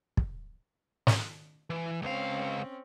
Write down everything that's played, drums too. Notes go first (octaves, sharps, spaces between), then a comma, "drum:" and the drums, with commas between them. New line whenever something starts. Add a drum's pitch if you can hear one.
drum: kick
drum: snare
E3
C#2 C4 C#4 F5